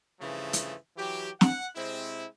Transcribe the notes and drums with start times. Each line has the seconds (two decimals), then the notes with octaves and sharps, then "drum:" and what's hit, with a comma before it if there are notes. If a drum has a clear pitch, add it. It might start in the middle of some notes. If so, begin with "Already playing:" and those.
0.20 G2 C#3 E3 F3 A3
0.53 drum: hi-hat
0.97 E3 F#3 G4
1.41 F#5, drum: snare
1.76 C3 G#3 C4 E4